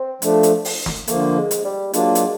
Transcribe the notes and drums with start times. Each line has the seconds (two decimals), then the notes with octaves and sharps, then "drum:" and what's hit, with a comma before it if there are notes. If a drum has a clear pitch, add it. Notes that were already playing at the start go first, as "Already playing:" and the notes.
Already playing: C4
0.22 F3 A3 D4, drum: hi-hat
0.43 drum: hi-hat
0.65 drum: open hi-hat
0.86 drum: snare
1.08 D3 F3 A3 A#3, drum: hi-hat
1.37 G#3
1.51 drum: hi-hat
1.65 G3
1.93 F#3 G#3 A#3 D4 F4, drum: hi-hat
2.15 drum: hi-hat